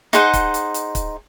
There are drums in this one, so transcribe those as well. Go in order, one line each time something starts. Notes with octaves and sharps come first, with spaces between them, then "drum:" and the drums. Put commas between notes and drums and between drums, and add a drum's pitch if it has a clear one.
D#4 G#4 C5 F#5, drum: hi-hat
drum: kick, hi-hat
drum: hi-hat
drum: hi-hat
drum: kick, hi-hat